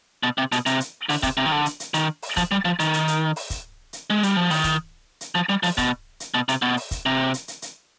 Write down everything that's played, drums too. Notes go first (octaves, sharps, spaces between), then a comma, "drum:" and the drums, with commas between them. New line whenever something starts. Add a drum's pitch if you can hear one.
B2
C3
B2, drum: hi-hat
C3, drum: hi-hat
drum: hi-hat
D3, drum: open hi-hat
C3, drum: kick, hi-hat
C3
D#3
D3
drum: hi-hat
drum: hi-hat
D#3, drum: hi-hat
drum: open hi-hat
F3, drum: kick, hi-hat
G3
F3
D#3, drum: hi-hat
drum: hi-hat
drum: hi-hat
drum: open hi-hat
drum: kick, hi-hat
drum: hi-hat
G#3
G3, drum: hi-hat
F3
D#3, drum: open hi-hat
drum: kick, hi-hat
drum: hi-hat
F3
G3
F3, drum: open hi-hat
B2, drum: kick, hi-hat
drum: hi-hat
B2
C3, drum: hi-hat
B2
drum: open hi-hat
drum: kick, hi-hat
C3
drum: hi-hat
drum: hi-hat
drum: hi-hat